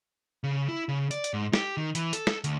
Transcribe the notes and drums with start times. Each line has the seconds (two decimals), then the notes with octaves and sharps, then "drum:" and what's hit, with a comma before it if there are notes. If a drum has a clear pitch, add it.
0.44 C#3
0.69 E4
0.89 C#3
1.11 D5, drum: hi-hat
1.24 drum: hi-hat
1.34 G#2
1.53 G4, drum: snare
1.77 D#3
1.95 E3, drum: hi-hat
2.13 A4, drum: hi-hat
2.27 drum: snare
2.44 D2, drum: hi-hat